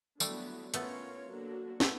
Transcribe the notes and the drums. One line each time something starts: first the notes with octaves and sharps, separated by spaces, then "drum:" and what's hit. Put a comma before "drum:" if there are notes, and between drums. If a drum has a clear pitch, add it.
D3 F#3 G3 A3 B3 E4, drum: tambourine
A3 B3 C#4 F4 A#4 C#5, drum: hi-hat
D3 F#3 A#3 D4 F#4
A3 B3, drum: snare